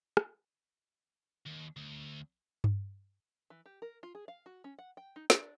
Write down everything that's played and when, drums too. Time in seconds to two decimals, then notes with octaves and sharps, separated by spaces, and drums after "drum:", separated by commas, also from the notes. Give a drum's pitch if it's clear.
0.17 drum: rim click
1.46 D#2
1.77 D2
2.64 drum: tom G2
3.50 E3
3.66 G4
3.82 A#4
4.03 F4
4.15 G#4
4.28 F5
4.46 F#4
4.64 C#4
4.79 F#5
4.97 G5
5.16 D#4
5.30 D4, drum: snare